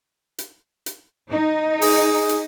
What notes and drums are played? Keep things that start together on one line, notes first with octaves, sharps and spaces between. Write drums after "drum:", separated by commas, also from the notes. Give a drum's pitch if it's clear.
drum: hi-hat
drum: hi-hat
D#4
G#4, drum: open hi-hat
drum: hi-hat